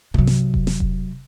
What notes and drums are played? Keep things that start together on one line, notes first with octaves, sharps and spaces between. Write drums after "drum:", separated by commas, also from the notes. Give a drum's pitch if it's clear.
C3 F#3, drum: tom G2
drum: snare
drum: kick E1
drum: snare
drum: kick E1